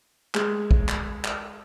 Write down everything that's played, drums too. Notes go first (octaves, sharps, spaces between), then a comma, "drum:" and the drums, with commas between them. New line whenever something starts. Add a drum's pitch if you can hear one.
G#3, drum: clap
drum: kick
drum: clap
drum: clap